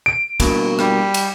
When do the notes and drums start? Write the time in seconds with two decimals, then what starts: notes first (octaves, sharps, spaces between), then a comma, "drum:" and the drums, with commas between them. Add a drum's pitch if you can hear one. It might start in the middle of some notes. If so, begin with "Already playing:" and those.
0.06 D7
0.40 G2 B2 A#3, drum: kick, cymbal
0.79 G3, drum: rim click
1.14 drum: cymbal